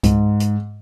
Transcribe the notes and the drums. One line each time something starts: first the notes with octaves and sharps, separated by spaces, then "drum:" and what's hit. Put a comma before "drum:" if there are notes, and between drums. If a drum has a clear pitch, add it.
G#2, drum: kick C#2, hi-hat
drum: hi-hat